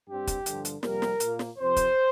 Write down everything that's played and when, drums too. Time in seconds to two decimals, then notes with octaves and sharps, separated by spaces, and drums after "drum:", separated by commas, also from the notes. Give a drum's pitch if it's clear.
0.08 G2 G3 C4 G4
0.27 drum: kick, hi-hat
0.46 G2 D3 F3, drum: hi-hat
0.65 drum: hi-hat
0.83 F2 C3 G3 A#3 A#4, drum: snare
1.02 drum: snare
1.20 A#2 A#3, drum: hi-hat
1.39 drum: snare
1.58 F2 C3 F3 C4 C5
1.76 drum: kick, hi-hat